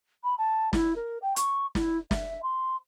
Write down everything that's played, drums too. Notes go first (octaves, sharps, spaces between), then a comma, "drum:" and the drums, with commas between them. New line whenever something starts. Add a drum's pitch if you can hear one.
B5
A5
E4, drum: snare
A#4
G5
C#6, drum: hi-hat
E4, drum: snare
E5, drum: snare
C6